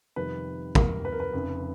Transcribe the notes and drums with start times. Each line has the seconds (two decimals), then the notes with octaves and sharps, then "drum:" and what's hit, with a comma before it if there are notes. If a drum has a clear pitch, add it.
0.16 F2 C3 D#3 G3 B4
0.75 A#4, drum: kick
1.05 B4
1.12 A#4
1.20 B4
1.33 F1 F2 C#3